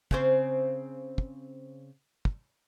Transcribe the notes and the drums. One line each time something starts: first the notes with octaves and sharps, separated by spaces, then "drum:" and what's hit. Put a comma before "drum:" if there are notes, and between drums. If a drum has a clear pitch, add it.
C#3 C4 C5, drum: kick
drum: kick
drum: kick